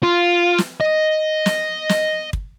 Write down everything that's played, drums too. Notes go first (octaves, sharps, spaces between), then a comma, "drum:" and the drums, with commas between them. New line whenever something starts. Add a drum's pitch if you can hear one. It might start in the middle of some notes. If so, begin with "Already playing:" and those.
F4
drum: snare
D#5
drum: snare
drum: snare
drum: kick